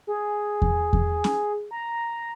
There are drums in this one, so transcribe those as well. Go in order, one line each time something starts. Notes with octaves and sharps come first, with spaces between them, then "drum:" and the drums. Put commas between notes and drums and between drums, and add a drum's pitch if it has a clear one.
G#4
drum: kick E2
drum: kick E2
drum: snare
A#5